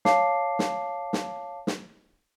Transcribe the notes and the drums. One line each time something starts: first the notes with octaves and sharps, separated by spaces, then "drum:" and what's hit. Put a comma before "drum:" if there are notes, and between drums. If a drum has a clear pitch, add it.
C#5 F5 A5 D6 C7, drum: snare
drum: snare
drum: snare
drum: snare